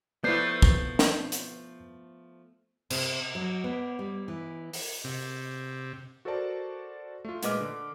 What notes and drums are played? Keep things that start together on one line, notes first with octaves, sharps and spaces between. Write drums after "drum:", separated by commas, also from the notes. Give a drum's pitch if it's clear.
F3 A3 B3 E4 B4 D5 G6 C7
drum: kick
drum: snare
drum: hi-hat
C3, drum: cymbal
F#3
B3
G3
E3
drum: open hi-hat
C3
F#4 A4 A#4 C5 D5 A5
A3 F4
A#2 G#3 B4 D#5 D6 F6, drum: hi-hat
D3